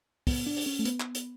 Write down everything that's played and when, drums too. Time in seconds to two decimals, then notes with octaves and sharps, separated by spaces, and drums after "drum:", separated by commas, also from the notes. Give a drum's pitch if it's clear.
0.27 B3, drum: kick, open hi-hat
0.46 D4
0.56 drum: open hi-hat
0.66 C#4
0.79 A3
0.85 B3, drum: hi-hat
1.00 drum: clap
1.15 drum: hi-hat